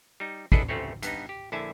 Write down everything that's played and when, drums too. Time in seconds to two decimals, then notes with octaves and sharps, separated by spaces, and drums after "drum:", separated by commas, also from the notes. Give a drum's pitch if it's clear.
0.20 G3 D#4
0.52 D4 E4 G#4 A4 B4 D#5, drum: kick
0.68 G1 D2 A3 C4 C#4 C#5
1.02 G2 B3 D#4, drum: hi-hat
1.29 G4
1.52 A#1 D3 E4 E5 G#5 A5